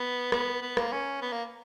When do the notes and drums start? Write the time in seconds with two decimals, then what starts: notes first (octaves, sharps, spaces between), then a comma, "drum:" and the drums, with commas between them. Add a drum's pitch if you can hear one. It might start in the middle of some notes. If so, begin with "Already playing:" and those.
Already playing: B3
0.32 B3, drum: rim click
0.62 B3
0.77 A#3, drum: rim click
0.92 C#4
1.22 B3
1.32 A#3